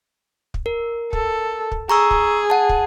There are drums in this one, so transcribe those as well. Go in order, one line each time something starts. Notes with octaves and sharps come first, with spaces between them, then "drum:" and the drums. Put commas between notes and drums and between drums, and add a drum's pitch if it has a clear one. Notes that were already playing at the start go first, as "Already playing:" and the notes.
drum: kick
A#4
A4, drum: kick
drum: kick
G#4 A#5 C#6 E6
drum: kick
F#5 A5
drum: kick